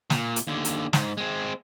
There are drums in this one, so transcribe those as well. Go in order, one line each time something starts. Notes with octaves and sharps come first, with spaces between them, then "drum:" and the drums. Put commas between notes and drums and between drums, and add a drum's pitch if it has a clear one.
A#2, drum: snare
drum: hi-hat
D#2 D3
drum: hi-hat
G#2, drum: snare
G#3 C4